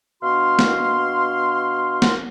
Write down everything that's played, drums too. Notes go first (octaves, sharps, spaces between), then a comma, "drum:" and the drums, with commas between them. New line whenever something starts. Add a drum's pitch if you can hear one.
B2 D4 F#4 F5 C6
drum: snare
drum: snare